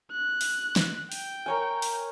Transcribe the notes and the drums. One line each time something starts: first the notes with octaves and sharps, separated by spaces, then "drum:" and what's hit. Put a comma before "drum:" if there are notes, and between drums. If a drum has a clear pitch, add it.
F#6
drum: open hi-hat
drum: snare
G5, drum: open hi-hat
A#4 C#5 G#5
drum: open hi-hat